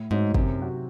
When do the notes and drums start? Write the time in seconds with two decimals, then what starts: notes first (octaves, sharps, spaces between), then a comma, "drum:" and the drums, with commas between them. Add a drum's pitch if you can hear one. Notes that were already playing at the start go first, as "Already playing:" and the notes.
Already playing: A2
0.11 G#2 G#3 D#4 F#4 C#5
0.34 F#2 C3, drum: kick
0.59 F#3 C4 F#4